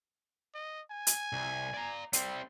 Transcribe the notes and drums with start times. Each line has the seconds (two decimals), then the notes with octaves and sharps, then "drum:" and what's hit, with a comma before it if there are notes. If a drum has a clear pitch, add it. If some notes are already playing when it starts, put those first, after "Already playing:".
0.55 D#5
0.91 G#5
1.07 drum: hi-hat
1.33 C2
1.74 D5 A#5
2.13 G3 C4, drum: hi-hat